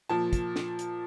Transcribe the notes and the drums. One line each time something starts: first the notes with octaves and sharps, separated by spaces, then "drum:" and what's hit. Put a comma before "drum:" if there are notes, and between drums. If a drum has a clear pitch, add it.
A#2 F3 A5
drum: kick, hi-hat
drum: snare
drum: hi-hat